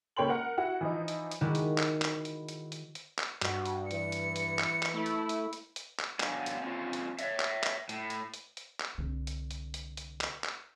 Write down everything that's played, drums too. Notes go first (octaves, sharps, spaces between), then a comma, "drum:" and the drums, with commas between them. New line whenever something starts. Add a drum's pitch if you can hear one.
C#2 A#3 C#5 G5 C6 F#7
A#4 F#5
E4 F#4 F#5
E3 F3 D#4
drum: hi-hat
drum: hi-hat
D#3 G#3 E4 F#4 G4
drum: hi-hat
drum: clap
drum: clap
drum: hi-hat
drum: hi-hat
drum: hi-hat
drum: hi-hat
drum: clap
G2 F#4, drum: clap
drum: hi-hat
E3 C#7, drum: hi-hat
drum: hi-hat
drum: hi-hat
drum: clap
drum: clap
A3 E4
drum: hi-hat
drum: hi-hat
drum: hi-hat
drum: hi-hat
drum: clap
F#3 B3 D4 F5 G5 G#5, drum: clap
drum: hi-hat
C4 C#4 D#4 F4
drum: hi-hat
C#5 D#5 E5, drum: hi-hat
drum: clap
drum: clap
A2, drum: hi-hat
drum: hi-hat
drum: hi-hat
drum: hi-hat
drum: clap
C2 D3
drum: hi-hat
drum: hi-hat
drum: hi-hat
drum: hi-hat
drum: clap
drum: clap